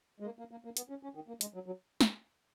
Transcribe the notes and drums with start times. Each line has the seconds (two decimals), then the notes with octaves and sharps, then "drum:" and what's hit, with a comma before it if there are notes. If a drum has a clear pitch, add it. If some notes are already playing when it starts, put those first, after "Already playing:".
0.20 G#3
0.25 A#3
0.39 A#3
0.51 A#3
0.65 A#3
0.77 B3, drum: hi-hat
0.89 C#4
1.03 C#4
1.15 D#3
1.28 A#3
1.41 G#3, drum: hi-hat
1.54 F#3
1.66 F#3
2.01 drum: snare